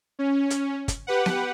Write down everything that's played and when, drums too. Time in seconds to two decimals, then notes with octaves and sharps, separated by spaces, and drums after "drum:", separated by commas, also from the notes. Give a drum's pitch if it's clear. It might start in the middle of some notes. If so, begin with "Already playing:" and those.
0.19 C#4
0.50 drum: hi-hat
0.88 drum: kick G1, hi-hat
1.07 G4 B4 F#5
1.26 drum: snare B3